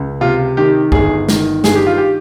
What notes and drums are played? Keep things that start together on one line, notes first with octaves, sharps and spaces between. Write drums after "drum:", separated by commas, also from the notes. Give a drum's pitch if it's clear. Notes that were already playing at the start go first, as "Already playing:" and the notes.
Already playing: C#2
C3 F4
D#3 G4
G1 G#4, drum: kick
D#3, drum: snare
G2 G#4, drum: snare
G4
F4
G4